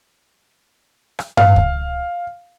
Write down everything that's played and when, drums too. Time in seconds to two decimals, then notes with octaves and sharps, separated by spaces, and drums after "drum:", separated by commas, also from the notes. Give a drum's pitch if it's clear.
1.19 drum: rim click
1.37 F5, drum: tom G2
1.56 drum: kick C#2